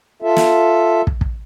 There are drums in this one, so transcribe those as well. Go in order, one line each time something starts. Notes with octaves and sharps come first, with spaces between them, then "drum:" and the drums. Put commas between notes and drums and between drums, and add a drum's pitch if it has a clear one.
F4 A4 E5
drum: snare
drum: kick
drum: kick